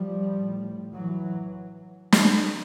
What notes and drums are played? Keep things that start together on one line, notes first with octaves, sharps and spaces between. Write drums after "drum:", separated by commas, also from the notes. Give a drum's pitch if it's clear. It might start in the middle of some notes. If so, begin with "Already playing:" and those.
Already playing: F3 G3
A2
E3 F#3
drum: snare